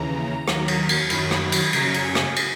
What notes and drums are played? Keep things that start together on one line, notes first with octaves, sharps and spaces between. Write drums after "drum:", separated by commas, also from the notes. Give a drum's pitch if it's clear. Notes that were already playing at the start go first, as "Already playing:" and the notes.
Already playing: D#2 C#3 E3 A#5
D#2 D#3 F#3, drum: rim click
drum: cymbal
drum: cymbal
F#2 D#3 F#3 B5, drum: cymbal
drum: rim click
drum: cymbal
F#2 C#3 F#3 A#5, drum: cymbal
drum: cymbal
G#5
drum: rim click
drum: cymbal